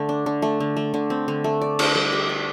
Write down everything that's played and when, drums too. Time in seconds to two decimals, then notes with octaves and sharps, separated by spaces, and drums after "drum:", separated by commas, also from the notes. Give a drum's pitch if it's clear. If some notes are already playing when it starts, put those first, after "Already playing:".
Already playing: D3 A3
0.09 D4
0.26 D3
0.42 A3
0.60 D3
0.77 A3
0.94 D3
1.10 C4
1.28 D3
1.44 A3
1.61 D5
1.79 D4, drum: cymbal
1.95 G3
2.13 G4
2.29 D5